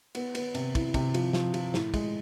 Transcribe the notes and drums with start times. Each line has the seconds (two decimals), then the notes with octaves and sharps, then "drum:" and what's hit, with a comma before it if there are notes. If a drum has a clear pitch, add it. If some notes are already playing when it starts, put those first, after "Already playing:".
0.15 B3, drum: cymbal
0.35 B3, drum: cymbal
0.55 C3, drum: cymbal
0.75 E4, drum: kick, cymbal
0.94 C3, drum: kick, cymbal
1.14 F3, drum: cymbal
1.33 F3, drum: snare
1.54 F3, drum: cymbal
1.74 A2, drum: snare
1.94 G#3, drum: kick, cymbal